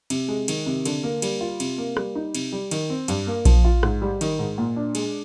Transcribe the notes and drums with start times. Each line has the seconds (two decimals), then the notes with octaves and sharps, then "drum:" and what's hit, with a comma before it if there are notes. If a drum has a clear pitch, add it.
0.10 C3, drum: cymbal
0.28 G#3
0.48 D#3, drum: cymbal
0.66 C3
0.85 D3, drum: cymbal
1.03 A#3
1.22 G3, drum: cymbal
1.41 F4
1.60 C3, drum: cymbal
1.78 A#3
1.97 G3, drum: rim click
2.15 D#4
2.35 C3, drum: cymbal
2.52 G3
2.71 D#3, drum: cymbal
2.90 C4
3.08 G2, drum: cymbal
3.27 A#3
3.45 F3, drum: kick A#1, cymbal
3.64 F4
3.83 G#2, drum: rim click
4.02 G3
4.21 D#3, drum: cymbal
4.39 G#2
4.58 A#2
4.76 D4
4.95 G#3, drum: cymbal